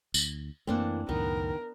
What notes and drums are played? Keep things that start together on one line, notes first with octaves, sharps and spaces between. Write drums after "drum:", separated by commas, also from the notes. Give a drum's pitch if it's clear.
D2, drum: tambourine
F#2 E3 A3 A#3 C4 D4 F#5
C#2 F#2 A2 D#3 B3 A#4